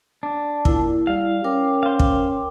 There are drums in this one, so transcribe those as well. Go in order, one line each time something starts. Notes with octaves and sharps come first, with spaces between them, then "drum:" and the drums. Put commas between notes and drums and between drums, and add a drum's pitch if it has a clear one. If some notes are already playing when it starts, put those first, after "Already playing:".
D4
A#2 E4, drum: kick
G3 F5
C#4 A#4 G5 D6
C5 F5
drum: kick